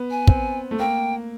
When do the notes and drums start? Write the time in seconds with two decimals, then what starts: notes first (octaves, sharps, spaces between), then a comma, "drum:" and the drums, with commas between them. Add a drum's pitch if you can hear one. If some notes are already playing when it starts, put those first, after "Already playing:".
Already playing: B3
0.11 G#5
0.27 C4, drum: kick
0.71 A3
0.79 A#3 G5